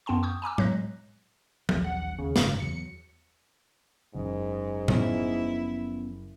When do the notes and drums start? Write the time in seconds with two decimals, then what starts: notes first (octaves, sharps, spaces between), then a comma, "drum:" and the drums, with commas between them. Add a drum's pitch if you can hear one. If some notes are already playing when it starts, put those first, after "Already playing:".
0.06 F#2 B3 G5 A5 C6
0.23 C#6 D#6 G6
0.42 G#5 A#5 D6 E6
0.58 F#3 G#3 F#6 A#6, drum: tom A2
1.69 D#1 A#1 F#3, drum: tom F3
1.84 F#5
2.18 D#2 C#3
2.36 F#1 G#2 D#3, drum: snare
2.60 E2 F#3 C#7
4.15 F#1 G#2
4.88 F3 B3 C#4 E4, drum: tom A2